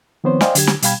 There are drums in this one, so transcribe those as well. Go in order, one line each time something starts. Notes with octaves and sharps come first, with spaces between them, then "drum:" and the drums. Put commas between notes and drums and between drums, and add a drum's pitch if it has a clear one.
D#3 F3 B3 C4 C5 C#5
C5 D5 D#5 F5 G5 G#5, drum: snare
D3 F#3 G4 G#6, drum: hi-hat
drum: snare
B2 G3 F5 G5 B5 G#6, drum: hi-hat